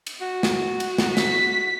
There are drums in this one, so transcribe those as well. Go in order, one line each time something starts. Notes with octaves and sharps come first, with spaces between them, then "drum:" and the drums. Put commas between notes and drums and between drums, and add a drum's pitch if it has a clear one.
drum: cymbal
F#4
drum: snare
drum: cymbal
drum: snare
B6, drum: snare